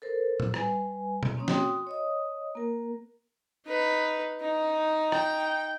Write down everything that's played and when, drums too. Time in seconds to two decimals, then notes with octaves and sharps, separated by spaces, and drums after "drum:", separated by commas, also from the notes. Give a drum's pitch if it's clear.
0.02 A4 A#4 C5
0.40 drum: tom A2
0.54 G3 B4 G#5, drum: rim click
1.23 drum: tom B2
1.36 A#3 C4 C#4 C#5 D#6
1.48 F#4 G5 C6 D#6, drum: snare
1.87 C#5 D#5 D#6
2.55 A#3 A#4
3.66 D#4 B4
4.41 D#4
5.12 G5, drum: rim click